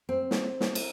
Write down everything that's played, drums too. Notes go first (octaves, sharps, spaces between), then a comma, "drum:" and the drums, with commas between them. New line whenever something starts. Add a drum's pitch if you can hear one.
C4
drum: snare
drum: snare
drum: cymbal